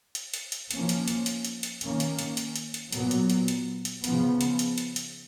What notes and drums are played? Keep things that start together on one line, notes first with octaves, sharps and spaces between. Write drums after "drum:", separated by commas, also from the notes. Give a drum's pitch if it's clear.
drum: hi-hat
drum: hi-hat
drum: hi-hat
F3 A#3 C#4, drum: hi-hat
drum: hi-hat
drum: hi-hat
drum: hi-hat
drum: hi-hat
drum: hi-hat
D#3 A#3 C#4, drum: hi-hat
drum: hi-hat
drum: hi-hat
drum: hi-hat
drum: hi-hat
drum: hi-hat
A#2 F#3 B3, drum: hi-hat
drum: hi-hat
drum: hi-hat
drum: hi-hat
drum: hi-hat
C#3 F3 B3, drum: hi-hat
drum: hi-hat
drum: hi-hat
drum: hi-hat
drum: hi-hat